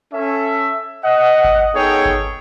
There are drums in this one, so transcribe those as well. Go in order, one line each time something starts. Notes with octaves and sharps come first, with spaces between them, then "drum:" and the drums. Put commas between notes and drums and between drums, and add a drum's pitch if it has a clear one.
C#4 A4 E5
D#5 F#5
drum: kick G1
B3 D#4 G#4 A4 C#5 G5
drum: kick G1